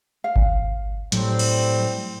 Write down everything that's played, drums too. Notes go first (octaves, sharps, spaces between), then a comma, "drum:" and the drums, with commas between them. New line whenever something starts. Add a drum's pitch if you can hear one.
F5
drum: kick G1
A2 F#3 G3 C4, drum: hi-hat
drum: cymbal